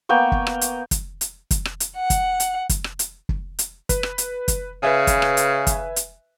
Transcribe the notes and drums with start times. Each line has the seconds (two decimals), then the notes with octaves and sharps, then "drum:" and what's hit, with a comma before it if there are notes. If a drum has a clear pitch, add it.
0.09 A#3 B3 G5 C#6
0.32 drum: kick
0.47 drum: rim click
0.61 drum: hi-hat
0.91 drum: kick, hi-hat
1.21 drum: hi-hat
1.51 drum: kick, hi-hat
1.65 drum: rim click
1.80 drum: hi-hat
1.95 F#5
2.10 drum: kick, hi-hat
2.40 drum: hi-hat
2.69 drum: kick, hi-hat
2.84 drum: rim click
2.99 drum: hi-hat
3.29 drum: kick
3.59 drum: hi-hat
3.89 B4, drum: kick, hi-hat
4.03 drum: rim click
4.18 drum: hi-hat
4.48 drum: kick, hi-hat
4.83 C#3 B4 E5 G#5
5.07 drum: kick, hi-hat
5.22 drum: rim click
5.37 drum: hi-hat
5.67 drum: kick, hi-hat
5.96 drum: hi-hat